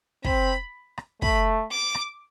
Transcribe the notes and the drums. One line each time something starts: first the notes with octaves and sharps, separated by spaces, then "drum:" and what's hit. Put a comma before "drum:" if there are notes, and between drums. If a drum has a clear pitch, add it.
C4 B5, drum: kick
drum: rim click
A3 B5, drum: kick
D6
drum: rim click